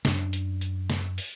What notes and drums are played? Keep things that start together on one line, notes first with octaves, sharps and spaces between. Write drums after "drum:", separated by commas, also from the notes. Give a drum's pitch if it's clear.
F#2 D4, drum: snare
drum: hi-hat
drum: hi-hat
drum: snare
drum: open hi-hat